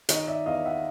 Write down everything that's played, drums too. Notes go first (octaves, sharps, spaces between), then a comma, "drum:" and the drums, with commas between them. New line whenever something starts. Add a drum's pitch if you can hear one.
D#3 C#5 D#5, drum: hi-hat
D5 E5
E2 D#5 F5
E5 F#5